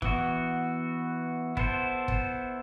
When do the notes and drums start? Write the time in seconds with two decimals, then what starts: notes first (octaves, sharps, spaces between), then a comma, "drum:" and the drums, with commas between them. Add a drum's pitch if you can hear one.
0.02 E3 B3 F#4, drum: kick
1.57 B3 E4 A4 C5, drum: kick
2.08 drum: kick